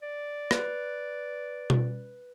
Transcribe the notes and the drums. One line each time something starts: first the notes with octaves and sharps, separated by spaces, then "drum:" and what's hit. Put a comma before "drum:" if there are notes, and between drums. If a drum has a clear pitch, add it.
D5
B4, drum: rim click
drum: tom B2